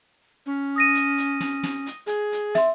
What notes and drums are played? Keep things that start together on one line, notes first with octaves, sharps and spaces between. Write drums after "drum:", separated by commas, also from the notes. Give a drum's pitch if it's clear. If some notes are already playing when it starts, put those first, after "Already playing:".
C#4
D#6 A#6 D#7
drum: hi-hat
drum: hi-hat
drum: snare
drum: snare
drum: hi-hat
G#4, drum: hi-hat
drum: hi-hat
E5 C6, drum: snare